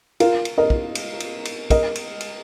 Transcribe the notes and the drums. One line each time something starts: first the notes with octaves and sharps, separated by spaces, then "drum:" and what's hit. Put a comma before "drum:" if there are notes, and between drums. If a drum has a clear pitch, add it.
F4 A#4, drum: cymbal
drum: cymbal
A#4 D#5
drum: kick
drum: cymbal
drum: cymbal
drum: cymbal
A#4 D#5, drum: kick, cymbal
drum: cymbal
drum: cymbal